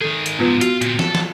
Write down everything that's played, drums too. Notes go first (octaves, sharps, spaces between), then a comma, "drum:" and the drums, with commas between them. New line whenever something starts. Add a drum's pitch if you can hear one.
D#3 G#4 A4
drum: hi-hat
G#2 F3 B3 F4 B4
F4 F#4, drum: hi-hat
A#2 C4, drum: hi-hat
A4, drum: snare
drum: snare